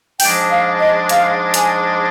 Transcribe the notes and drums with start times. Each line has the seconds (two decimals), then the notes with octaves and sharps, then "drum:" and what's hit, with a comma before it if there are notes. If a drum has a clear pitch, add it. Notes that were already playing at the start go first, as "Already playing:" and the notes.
0.20 G#2 F3 G#3 D4 G5, drum: open hi-hat
0.50 F5
0.79 D#5
1.09 F5, drum: hi-hat
1.54 G#5, drum: hi-hat